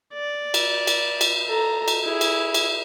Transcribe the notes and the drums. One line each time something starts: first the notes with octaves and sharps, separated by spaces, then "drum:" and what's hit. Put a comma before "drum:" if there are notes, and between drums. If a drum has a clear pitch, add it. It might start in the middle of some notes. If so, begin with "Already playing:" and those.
D5
drum: cymbal
drum: cymbal
drum: cymbal
A4 A#5
drum: cymbal
E4 G#4
drum: cymbal
drum: cymbal